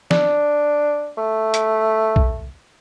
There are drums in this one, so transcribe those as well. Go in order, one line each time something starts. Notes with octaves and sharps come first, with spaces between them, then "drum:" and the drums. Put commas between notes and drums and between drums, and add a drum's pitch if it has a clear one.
D4, drum: snare
A3
drum: hi-hat
drum: kick